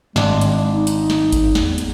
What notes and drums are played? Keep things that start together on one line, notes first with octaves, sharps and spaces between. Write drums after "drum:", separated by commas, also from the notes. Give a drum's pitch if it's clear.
G#1 G#3 D4, drum: snare
drum: hi-hat
D#4
drum: hi-hat
drum: snare
drum: kick G#1, hi-hat
E2, drum: snare
drum: hi-hat